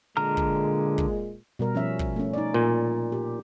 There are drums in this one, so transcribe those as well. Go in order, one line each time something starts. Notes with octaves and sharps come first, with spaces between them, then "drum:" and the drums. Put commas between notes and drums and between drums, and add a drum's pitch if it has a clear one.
A#2 D3 G#3 A#5 F6
drum: kick
drum: kick
B2 G3 A#4
F3 C#4 E5
drum: kick
A3 C#4
D#4 D5
A#2
G4